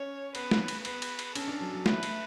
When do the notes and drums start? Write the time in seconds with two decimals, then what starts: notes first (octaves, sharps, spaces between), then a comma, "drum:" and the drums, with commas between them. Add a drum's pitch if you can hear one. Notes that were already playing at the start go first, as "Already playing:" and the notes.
Already playing: C#4 C#5
0.35 B3 B4, drum: cymbal
0.51 drum: snare
0.68 drum: cymbal
0.85 B3 B4, drum: cymbal
1.02 drum: cymbal
1.19 drum: cymbal
1.35 C#4 A4, drum: cymbal
1.48 D4
1.61 F#3
1.73 F#3
1.86 A3 B4, drum: snare
2.03 A3, drum: cymbal